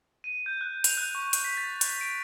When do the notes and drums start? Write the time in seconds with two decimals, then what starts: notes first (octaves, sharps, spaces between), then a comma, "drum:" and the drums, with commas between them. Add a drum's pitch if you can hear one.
0.24 D#7
0.46 G6
0.61 F#6
0.84 F7, drum: hi-hat
0.97 F#6
1.15 C#6
1.33 drum: hi-hat
1.44 B6
1.57 A6
1.81 drum: hi-hat
2.01 D7